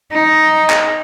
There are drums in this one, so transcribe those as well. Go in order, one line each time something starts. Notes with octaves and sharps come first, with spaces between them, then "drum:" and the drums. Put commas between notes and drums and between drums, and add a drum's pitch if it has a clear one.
D#4
drum: clap